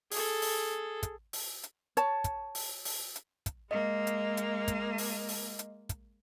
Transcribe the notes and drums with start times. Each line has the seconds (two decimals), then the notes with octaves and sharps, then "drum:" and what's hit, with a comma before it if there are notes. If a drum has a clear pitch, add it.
0.11 G#4 A4, drum: open hi-hat
0.42 drum: open hi-hat
1.03 drum: kick, hi-hat
1.33 drum: open hi-hat
1.63 drum: hi-hat
1.97 C#5 A5, drum: hi-hat
2.24 drum: kick, hi-hat
2.55 drum: open hi-hat
2.85 drum: open hi-hat
3.16 drum: hi-hat
3.46 drum: kick, hi-hat
3.71 G#3 A#3 D#5
4.07 drum: hi-hat
4.37 drum: hi-hat
4.68 drum: kick, hi-hat
4.98 drum: open hi-hat
5.28 drum: open hi-hat
5.59 drum: hi-hat
5.89 drum: kick, hi-hat